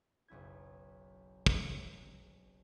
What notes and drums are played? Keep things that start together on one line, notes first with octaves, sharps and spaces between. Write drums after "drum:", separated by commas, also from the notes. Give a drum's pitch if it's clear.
F#1 B1 E4 G#6
drum: kick